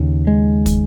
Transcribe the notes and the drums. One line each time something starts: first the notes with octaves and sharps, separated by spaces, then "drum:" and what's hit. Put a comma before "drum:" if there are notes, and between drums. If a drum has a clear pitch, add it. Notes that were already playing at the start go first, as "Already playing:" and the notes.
Already playing: D#2 C#3
G#3
drum: kick, hi-hat